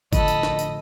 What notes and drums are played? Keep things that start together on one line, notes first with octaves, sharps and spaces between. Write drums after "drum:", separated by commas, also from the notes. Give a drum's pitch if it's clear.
A2 D3 F3 A4 D#5 B5, drum: kick G1, tambourine
drum: tambourine
drum: snare
drum: tambourine